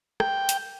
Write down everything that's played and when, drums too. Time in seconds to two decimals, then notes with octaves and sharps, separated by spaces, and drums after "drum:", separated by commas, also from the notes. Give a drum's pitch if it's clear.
0.20 G5, drum: rim click
0.49 drum: hi-hat